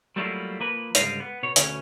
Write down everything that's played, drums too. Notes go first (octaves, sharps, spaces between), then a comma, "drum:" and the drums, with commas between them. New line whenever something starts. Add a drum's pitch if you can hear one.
F#3 G3 A3 A#3 E4 F4
F3 A#3 B4
C#2 G#2 D3 G3 D#5 F5, drum: hi-hat
B3
B2 C#5
D2 B2 C#4, drum: hi-hat